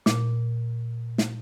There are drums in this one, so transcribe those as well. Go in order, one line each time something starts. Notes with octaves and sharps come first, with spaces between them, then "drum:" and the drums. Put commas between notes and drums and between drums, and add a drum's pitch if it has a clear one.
A#2, drum: snare
drum: snare